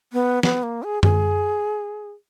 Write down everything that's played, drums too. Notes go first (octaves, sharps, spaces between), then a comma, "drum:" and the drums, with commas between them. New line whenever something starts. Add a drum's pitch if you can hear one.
B3
B3, drum: snare
A#3
G#4
G#4, drum: tom F#2